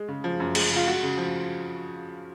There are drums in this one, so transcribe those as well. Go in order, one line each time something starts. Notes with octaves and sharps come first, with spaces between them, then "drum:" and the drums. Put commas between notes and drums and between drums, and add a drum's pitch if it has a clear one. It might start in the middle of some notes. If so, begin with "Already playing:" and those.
Already playing: G#3
C#3
F3
F#2
G#3, drum: cymbal
C#3
F4
G#3 F#4
C#3
F3